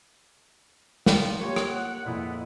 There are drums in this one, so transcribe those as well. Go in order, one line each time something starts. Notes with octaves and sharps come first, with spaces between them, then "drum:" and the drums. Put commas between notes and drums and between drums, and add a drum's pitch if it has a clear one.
F3, drum: snare
A#3 F4 G4 C#5
drum: rim click
F#5
F2 A#2 G#3 B3 E4